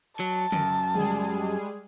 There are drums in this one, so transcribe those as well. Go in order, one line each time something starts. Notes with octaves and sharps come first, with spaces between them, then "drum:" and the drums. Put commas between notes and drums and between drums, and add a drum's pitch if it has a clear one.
F#3 A5
F#2, drum: tom C#3
G3 G#3 G#4, drum: tom C#3